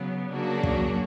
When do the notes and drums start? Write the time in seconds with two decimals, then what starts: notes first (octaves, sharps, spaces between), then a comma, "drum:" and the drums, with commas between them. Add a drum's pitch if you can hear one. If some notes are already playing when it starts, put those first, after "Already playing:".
Already playing: C#3 F#3 B3
0.31 C#3 F#3 A#3 D4 F#4
0.63 drum: kick